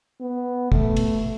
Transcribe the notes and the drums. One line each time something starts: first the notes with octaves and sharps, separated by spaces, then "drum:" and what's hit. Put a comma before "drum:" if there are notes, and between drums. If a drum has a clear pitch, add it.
B3
A3, drum: kick
drum: cymbal